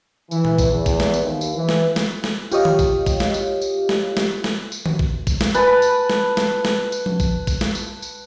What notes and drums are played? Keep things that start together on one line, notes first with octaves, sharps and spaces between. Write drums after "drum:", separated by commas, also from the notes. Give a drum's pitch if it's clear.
E3, drum: tambourine
drum: tom A#2
drum: kick A1, tambourine
E2
drum: kick A1, tambourine
drum: snare
drum: tambourine
D#2
drum: tambourine
E3
drum: snare
drum: snare
drum: snare
F4 G4 C#5 D#5 F5, drum: tambourine
drum: tom D#3
drum: kick A1, tambourine
drum: kick A1, tambourine
drum: snare
drum: tambourine
drum: tambourine
drum: snare
drum: snare
drum: snare
drum: tambourine
drum: tom D#3
drum: kick A1
drum: kick A1, tambourine
drum: snare
B4 A5, drum: tambourine
drum: tambourine
drum: snare
drum: snare
drum: snare
drum: tambourine
drum: tom F3
drum: kick A1, tambourine
drum: kick A1, tambourine
drum: snare
drum: tambourine
drum: tambourine